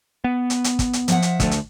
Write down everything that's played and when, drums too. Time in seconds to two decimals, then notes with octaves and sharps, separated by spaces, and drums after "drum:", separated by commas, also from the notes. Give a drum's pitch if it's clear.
0.24 B3
0.50 drum: hi-hat
0.64 drum: hi-hat
0.79 drum: kick, hi-hat
0.93 drum: hi-hat
1.08 F3 E5 F#5, drum: hi-hat
1.22 drum: hi-hat
1.40 D2 A3, drum: kick, hi-hat
1.51 drum: hi-hat